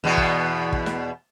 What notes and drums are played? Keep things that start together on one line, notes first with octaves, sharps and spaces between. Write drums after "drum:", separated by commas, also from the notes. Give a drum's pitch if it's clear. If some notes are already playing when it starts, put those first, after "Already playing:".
E2 B2 B3
drum: kick
drum: kick
drum: snare